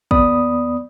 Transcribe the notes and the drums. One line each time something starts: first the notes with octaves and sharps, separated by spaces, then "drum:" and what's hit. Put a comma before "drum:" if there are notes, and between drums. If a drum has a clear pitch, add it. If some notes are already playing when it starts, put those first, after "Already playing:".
D#2 B3 D5 B5 D#6, drum: kick